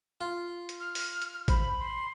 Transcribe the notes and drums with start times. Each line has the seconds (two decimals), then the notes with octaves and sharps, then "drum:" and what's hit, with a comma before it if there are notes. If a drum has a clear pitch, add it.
0.21 F4
0.69 drum: hi-hat
0.80 F6
0.95 drum: open hi-hat
1.22 drum: hi-hat
1.48 C5 B5, drum: kick G#1, hi-hat
1.79 C6